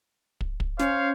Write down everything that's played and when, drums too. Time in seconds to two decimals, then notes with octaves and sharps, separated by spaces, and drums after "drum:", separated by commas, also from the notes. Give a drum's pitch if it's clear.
0.41 drum: kick
0.60 drum: kick
0.79 C#4 C5 C#5 F5, drum: snare